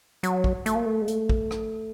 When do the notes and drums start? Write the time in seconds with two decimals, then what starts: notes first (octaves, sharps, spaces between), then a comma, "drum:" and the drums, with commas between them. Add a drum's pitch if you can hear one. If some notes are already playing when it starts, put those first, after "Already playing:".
0.23 F#3, drum: hi-hat
0.44 drum: kick
0.66 A3, drum: hi-hat
0.75 A#3
0.86 A3
1.02 G#3
1.08 A3, drum: hi-hat
1.29 drum: kick
1.51 drum: rim click